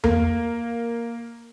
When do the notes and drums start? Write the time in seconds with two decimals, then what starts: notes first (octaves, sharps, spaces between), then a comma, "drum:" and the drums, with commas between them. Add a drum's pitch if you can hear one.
0.04 A#3, drum: tom E2